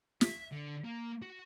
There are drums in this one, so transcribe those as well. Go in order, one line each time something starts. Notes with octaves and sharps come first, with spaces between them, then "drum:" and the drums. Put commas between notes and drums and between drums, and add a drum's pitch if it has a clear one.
E5, drum: snare
D3
A#3
F#4